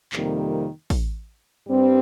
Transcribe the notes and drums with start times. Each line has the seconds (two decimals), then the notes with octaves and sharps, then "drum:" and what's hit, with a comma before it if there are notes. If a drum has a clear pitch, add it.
0.13 F2 C3 D#3 G3 A#3, drum: clap
0.90 drum: kick, open hi-hat
1.67 G2 G3 C4